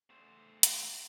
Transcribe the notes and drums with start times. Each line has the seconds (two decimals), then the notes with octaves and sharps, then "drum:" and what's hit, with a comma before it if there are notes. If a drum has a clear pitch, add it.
0.10 A3 C5
0.63 drum: hi-hat